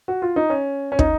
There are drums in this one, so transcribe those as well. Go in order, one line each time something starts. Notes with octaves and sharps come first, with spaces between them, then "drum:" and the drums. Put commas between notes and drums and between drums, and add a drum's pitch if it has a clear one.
F#4
F4
D#4
C#4
C#4
D#4, drum: kick